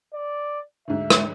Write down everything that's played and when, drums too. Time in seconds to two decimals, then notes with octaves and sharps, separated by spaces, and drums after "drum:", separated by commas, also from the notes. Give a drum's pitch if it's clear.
0.14 D5
0.88 D2 G#2 D3 E5
1.10 drum: rim click